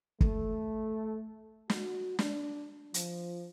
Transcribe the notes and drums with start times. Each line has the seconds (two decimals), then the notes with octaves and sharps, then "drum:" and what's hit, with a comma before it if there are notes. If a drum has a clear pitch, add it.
0.21 A3, drum: kick
1.70 F#4, drum: snare
2.19 D4, drum: snare
2.94 F3, drum: hi-hat